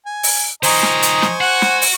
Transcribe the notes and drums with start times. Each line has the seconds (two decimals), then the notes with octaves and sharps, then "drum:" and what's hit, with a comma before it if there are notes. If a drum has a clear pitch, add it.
0.06 G#5
0.23 drum: open hi-hat
0.63 D#3 F3 C5 D#5 G#5 A#5 C#6, drum: open hi-hat
0.83 drum: snare
1.02 drum: hi-hat
1.22 drum: snare
1.41 F#4 F#5
1.62 drum: snare
1.82 drum: open hi-hat